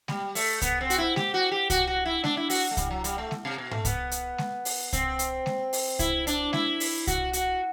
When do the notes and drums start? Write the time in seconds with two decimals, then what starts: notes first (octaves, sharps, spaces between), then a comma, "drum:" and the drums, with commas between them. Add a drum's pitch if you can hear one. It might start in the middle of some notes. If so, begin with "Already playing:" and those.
0.08 G3, drum: snare G#3
0.35 A3, drum: open hi-hat
0.62 B3, drum: kick C2, hi-hat
0.81 C4
0.90 F#4, drum: hi-hat
0.98 E4
1.16 G4, drum: snare G#3
1.34 F#4
1.51 G4
1.70 F#4, drum: kick C2, hi-hat
1.87 F#4
2.05 E4
2.24 D4, drum: snare G#3
2.37 E4
2.50 F#4, drum: open hi-hat
2.71 A3
2.77 G3, drum: kick C2, hi-hat
2.91 F#3
3.04 G3, drum: hi-hat
3.18 A3
3.31 drum: snare G#3
3.45 C3
3.58 B2
3.71 A3, drum: tom G#2
3.85 B3, drum: kick C2, hi-hat
4.11 drum: hi-hat
4.38 drum: snare G#3
4.65 drum: open hi-hat
4.93 C4, drum: kick C2, hi-hat
5.19 drum: hi-hat
5.46 drum: snare G#3
5.73 drum: open hi-hat
5.99 E4, drum: kick C2, hi-hat
6.27 D4, drum: hi-hat
6.53 E4, drum: snare G#3
6.80 drum: open hi-hat
7.07 F#4, drum: kick C2, hi-hat
7.33 F#4, drum: hi-hat